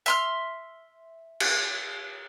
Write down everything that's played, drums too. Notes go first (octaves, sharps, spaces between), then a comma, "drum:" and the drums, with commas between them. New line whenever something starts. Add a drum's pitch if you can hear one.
E5 C6 F6, drum: tambourine
drum: cymbal